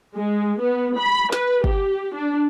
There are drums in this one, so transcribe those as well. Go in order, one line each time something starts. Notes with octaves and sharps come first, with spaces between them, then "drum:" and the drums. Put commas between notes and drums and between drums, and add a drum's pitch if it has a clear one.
G#3
B3
B5
B4, drum: snare
G4, drum: kick
D4